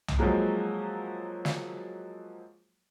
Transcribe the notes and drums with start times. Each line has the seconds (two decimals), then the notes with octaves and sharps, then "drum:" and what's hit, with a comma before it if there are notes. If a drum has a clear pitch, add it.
0.08 drum: tom B1
0.18 F3 F#3 G#3 A#3
1.45 drum: snare